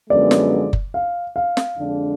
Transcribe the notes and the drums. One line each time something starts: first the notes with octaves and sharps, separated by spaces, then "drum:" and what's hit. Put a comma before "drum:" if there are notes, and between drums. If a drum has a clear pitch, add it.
F#2 D3 F3 G#3 B3 D5
drum: snare
drum: kick F#1
F5
F5
drum: snare
F2 D3 G#3 D4